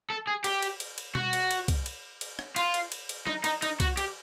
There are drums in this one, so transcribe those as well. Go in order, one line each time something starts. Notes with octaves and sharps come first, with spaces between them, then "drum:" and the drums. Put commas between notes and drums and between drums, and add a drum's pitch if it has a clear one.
A4
G#4
G4, drum: cymbal
drum: cymbal
drum: cymbal
drum: cymbal
F#4, drum: tom B2
drum: cymbal
drum: cymbal
drum: kick, cymbal
drum: cymbal
drum: cymbal
drum: rim click
F4, drum: cymbal
drum: cymbal
drum: cymbal
drum: cymbal
D#4, drum: tom F#3
D#4, drum: cymbal
D#4, drum: cymbal
F#4, drum: kick, cymbal
G4, drum: cymbal